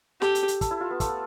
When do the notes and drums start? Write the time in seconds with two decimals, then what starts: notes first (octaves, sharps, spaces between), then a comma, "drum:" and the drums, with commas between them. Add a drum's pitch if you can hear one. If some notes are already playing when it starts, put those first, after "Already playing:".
0.22 G4 A4, drum: snare
0.35 drum: hi-hat
0.48 drum: hi-hat
0.61 A4, drum: kick, hi-hat
0.71 E4
0.81 F4
0.91 B3
1.00 A3, drum: kick, hi-hat